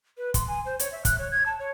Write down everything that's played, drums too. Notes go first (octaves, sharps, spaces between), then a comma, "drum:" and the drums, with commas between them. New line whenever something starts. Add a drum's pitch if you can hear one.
B4
C6, drum: kick, hi-hat
G#5
C5
C#5, drum: hi-hat
E5
F#6, drum: kick, hi-hat
C#5
G#6
A5
C#5